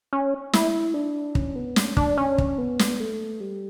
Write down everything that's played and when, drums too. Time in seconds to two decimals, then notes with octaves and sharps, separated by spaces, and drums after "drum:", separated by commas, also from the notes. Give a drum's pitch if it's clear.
0.13 C#4
0.53 E4, drum: snare
0.94 D4
1.35 C#4, drum: kick
1.56 B3
1.76 C#4, drum: snare
1.97 D4, drum: kick
2.18 C#4
2.38 drum: kick
2.58 B3
2.79 drum: snare
3.00 A3
3.40 G3